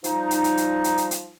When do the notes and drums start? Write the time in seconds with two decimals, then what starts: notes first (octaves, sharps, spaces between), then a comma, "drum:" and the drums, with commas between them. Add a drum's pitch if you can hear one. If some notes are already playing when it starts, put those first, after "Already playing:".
0.04 F3 G3 D#4, drum: hi-hat
0.31 drum: hi-hat
0.44 drum: hi-hat
0.57 drum: hi-hat
0.84 drum: hi-hat
0.98 drum: hi-hat
1.11 drum: hi-hat